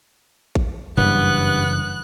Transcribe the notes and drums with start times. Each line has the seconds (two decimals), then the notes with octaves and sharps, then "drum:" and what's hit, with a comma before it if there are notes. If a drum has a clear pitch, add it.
0.55 drum: kick A1
0.97 F#1 G2 E3 B3 F#6, drum: tom G2